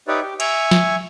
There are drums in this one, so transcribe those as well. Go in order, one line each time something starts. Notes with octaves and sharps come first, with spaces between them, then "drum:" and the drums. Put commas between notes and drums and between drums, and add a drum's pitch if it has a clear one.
D#4 G4 B4 C#5 D5 E5
G4
E5 G#5 C#6, drum: cymbal
drum: snare